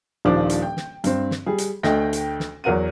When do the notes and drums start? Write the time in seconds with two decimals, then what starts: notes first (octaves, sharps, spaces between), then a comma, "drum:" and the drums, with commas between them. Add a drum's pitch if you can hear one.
0.25 D#1 A#1 D#3 F3 D4 D6
0.50 drum: hi-hat
0.62 G5
0.77 drum: snare
1.04 G2 C4, drum: hi-hat
1.31 drum: snare
1.46 G3 G#4
1.58 drum: hi-hat
1.83 D2 A3 D#5 G5 A#6, drum: snare
2.13 drum: hi-hat
2.40 drum: snare
2.64 E2 F#3 A#4 F#5 D#7